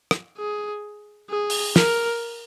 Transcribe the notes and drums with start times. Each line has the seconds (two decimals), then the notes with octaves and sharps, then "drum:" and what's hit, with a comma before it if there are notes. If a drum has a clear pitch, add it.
0.11 drum: rim click
0.38 G#4
1.30 G#4
1.50 drum: open hi-hat
1.76 A#4, drum: snare